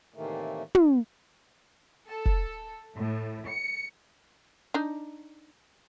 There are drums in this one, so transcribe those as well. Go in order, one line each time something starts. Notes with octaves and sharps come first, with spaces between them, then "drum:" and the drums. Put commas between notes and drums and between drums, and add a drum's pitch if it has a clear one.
A2 C3 D#3 E3 A3 A#3
drum: tom
A4
drum: kick
A2
C#7
D4 D#4